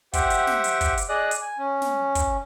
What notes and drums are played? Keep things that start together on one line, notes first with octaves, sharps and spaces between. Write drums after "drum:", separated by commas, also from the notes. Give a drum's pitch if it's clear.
G4 C5 E5 F#5 G5, drum: kick, hi-hat
drum: hi-hat
drum: snare
drum: hi-hat
drum: kick, hi-hat
drum: hi-hat
G#4 D5 D#5 D#6 F#6
drum: hi-hat
G#5
C#4
drum: snare
drum: kick, hi-hat